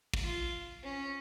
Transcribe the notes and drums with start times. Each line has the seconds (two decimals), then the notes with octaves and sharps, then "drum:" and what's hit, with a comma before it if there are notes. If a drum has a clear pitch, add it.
0.14 drum: kick
0.25 F4
0.83 C#4